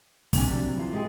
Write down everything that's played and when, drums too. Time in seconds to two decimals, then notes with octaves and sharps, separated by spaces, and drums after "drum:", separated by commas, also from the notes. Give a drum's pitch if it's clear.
0.33 C3 A#3 D4 G#5, drum: kick, open hi-hat
0.48 F2 F#3 D4
0.76 E3 F4
0.93 G#3 G4 G#4